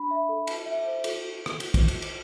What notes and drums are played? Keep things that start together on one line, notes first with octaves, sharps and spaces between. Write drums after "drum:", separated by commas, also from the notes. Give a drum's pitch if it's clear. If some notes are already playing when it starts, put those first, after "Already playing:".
Already playing: D4 B5
E5
A4
A5, drum: cymbal
E5
C5
A4, drum: cymbal
F#4
drum: rim click
drum: cymbal
drum: kick, cymbal
drum: cymbal
drum: cymbal